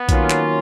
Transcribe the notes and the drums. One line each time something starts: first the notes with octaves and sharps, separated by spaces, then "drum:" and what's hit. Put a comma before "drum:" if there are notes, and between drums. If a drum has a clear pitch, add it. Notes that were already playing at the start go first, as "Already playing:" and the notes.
Already playing: B3
D#3 F#3 A#3 C#4 F4, drum: kick A#1, hi-hat
drum: clap